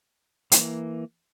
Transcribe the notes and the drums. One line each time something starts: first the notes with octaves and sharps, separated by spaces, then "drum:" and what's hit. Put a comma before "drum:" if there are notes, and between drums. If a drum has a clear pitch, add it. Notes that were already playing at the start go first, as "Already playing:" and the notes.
E3 A#3, drum: hi-hat